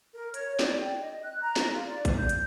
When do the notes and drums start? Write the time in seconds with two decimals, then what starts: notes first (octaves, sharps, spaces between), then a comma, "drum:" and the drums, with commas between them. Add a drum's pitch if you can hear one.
0.13 A#4
0.34 C#5, drum: hi-hat
0.59 D5, drum: snare
0.79 G5
0.99 D#5
1.24 F#6
1.42 A#5
1.56 drum: snare
1.73 F4
1.86 D5
2.05 drum: kick A#1, hi-hat
2.17 G6
2.29 drum: hi-hat